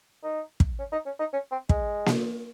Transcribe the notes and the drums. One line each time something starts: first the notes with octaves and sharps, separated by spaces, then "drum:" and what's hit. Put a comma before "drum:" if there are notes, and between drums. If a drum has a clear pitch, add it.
D#4
drum: kick
C#4
D#4
C#4
D#4
C#4
C4
G#3, drum: kick
drum: snare A#3